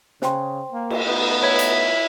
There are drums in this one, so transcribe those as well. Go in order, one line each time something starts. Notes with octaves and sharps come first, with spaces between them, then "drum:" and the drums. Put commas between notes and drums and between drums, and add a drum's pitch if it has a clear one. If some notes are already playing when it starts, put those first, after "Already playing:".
C#3 C5 G5 C6, drum: snare
A#3
drum: cymbal
A3 B3 D#4
E4 C#5 G#6 B6
drum: hi-hat